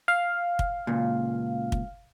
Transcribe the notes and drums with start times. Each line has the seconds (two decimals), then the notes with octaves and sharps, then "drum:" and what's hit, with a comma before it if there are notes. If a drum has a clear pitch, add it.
0.08 F5
0.59 drum: kick
0.87 C#2 A#2
1.72 drum: kick